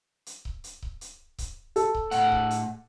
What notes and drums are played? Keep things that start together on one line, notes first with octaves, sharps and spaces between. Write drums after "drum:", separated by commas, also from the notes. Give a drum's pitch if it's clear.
drum: hi-hat
drum: kick C#1
drum: hi-hat
drum: kick C#1
drum: hi-hat
drum: kick C#1, hi-hat
A4, drum: hi-hat
drum: kick C#1
A2 F#5, drum: hi-hat
drum: kick C#1
drum: hi-hat